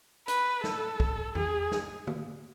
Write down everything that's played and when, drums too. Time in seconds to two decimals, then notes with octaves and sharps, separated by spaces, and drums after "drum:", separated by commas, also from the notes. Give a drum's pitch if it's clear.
0.28 B4, drum: hi-hat
0.64 A4, drum: snare
1.00 drum: kick
1.35 G#4, drum: tom E2
1.71 drum: snare
2.07 drum: tom